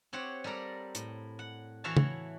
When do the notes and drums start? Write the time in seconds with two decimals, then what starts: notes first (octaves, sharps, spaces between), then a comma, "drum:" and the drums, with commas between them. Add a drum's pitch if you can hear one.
0.13 C4 G4 C#5 F#5
0.44 G3 A4 A#4 D5 A#5
0.95 A2, drum: hi-hat
1.39 F#5
1.84 E3 F#4 C#5 E5 F5 A5
1.97 drum: tom